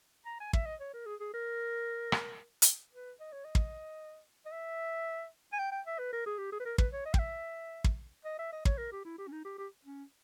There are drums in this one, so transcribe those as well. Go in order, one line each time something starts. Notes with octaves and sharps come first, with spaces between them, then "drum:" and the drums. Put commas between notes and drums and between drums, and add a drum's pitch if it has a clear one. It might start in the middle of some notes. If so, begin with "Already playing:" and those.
A#5
G#5
E5, drum: kick
D#5
C#5
A#4
G#4
G#4
A#4
drum: rim click
drum: hi-hat
B4
D#5
C#5
D#5
drum: kick
D#5
E5
G#5
G5
G5
E5
B4
A#4
G#4
G4
G#4
B4
A#4
B4, drum: kick
C#5
D#5
G5, drum: kick
E5
drum: kick
D#5
E5
D#5
C#5, drum: kick
A#4
G4
E4
G4
C#4
D#4
G4
G4
C#4